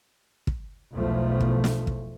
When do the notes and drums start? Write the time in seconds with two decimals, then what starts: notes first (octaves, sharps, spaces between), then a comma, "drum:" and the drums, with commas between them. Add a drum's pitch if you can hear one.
0.47 drum: kick
0.94 B1 E2 B2 F3 A3
1.41 drum: kick
1.64 drum: snare
1.87 drum: kick